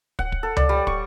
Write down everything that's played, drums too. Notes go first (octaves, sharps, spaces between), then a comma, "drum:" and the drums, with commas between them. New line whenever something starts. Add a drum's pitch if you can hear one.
F#5, drum: kick
drum: kick
A4
D5, drum: tom C#2
G3
C#6, drum: kick